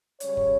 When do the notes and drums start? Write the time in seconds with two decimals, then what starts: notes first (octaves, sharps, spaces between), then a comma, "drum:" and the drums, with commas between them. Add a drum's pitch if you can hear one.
0.20 C#3 G3 C#4 C#5, drum: hi-hat
0.37 drum: kick